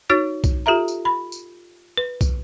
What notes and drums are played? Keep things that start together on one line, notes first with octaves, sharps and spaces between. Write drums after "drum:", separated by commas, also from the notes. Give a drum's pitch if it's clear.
D#4 F#4 C#5 A6
drum: kick, tambourine
F4 G4 A4 E5 A#5
drum: tambourine
B5
drum: tambourine
B4
drum: kick, tambourine